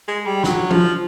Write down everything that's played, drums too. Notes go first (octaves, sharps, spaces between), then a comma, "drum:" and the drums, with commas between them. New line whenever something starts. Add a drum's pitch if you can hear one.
G#3
G3
F#3, drum: snare
F3, drum: tom F3